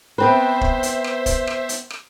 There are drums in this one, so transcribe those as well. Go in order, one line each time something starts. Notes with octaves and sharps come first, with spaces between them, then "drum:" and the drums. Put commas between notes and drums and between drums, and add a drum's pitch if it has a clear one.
B3 C4 B4 C5 E5
drum: kick
drum: hi-hat
drum: rim click
drum: kick, hi-hat
drum: rim click
drum: hi-hat
drum: rim click